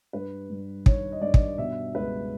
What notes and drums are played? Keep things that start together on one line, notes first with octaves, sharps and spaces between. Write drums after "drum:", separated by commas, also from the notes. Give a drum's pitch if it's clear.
G2 B4
G2
D#3 C#5, drum: kick
D#5
G2 D5
drum: kick
B2 E5
C#2 B4